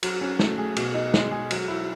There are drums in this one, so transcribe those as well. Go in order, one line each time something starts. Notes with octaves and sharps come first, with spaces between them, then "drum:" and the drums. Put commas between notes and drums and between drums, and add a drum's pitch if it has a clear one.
F#3, drum: cymbal
C#4
A3, drum: snare
G#4
B2, drum: cymbal
D#4
G#3, drum: snare
G#4
F#3, drum: cymbal
E4